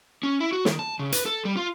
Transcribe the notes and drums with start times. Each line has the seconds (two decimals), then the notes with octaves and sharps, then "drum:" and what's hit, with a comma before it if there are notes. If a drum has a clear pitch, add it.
0.23 C#4
0.40 E4
0.53 F#4
0.65 D#3, drum: snare
0.79 A5
0.99 C#3
1.12 B4, drum: hi-hat
1.26 A4
1.45 G3
1.57 F4